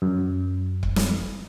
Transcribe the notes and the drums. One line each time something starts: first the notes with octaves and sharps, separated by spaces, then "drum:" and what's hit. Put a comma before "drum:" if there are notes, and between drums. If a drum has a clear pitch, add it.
F#2
drum: kick C#1
drum: snare